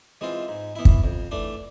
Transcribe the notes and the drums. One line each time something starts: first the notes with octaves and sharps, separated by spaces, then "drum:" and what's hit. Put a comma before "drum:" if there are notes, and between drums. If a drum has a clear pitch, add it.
E3 G#3 C4 F4
G#2
E3 B3 E4
drum: kick
F2
E3 A3 D4